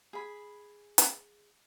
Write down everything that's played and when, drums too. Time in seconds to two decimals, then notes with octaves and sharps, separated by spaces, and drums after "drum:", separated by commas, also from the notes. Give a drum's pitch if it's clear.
0.13 G#4 B5
0.98 drum: hi-hat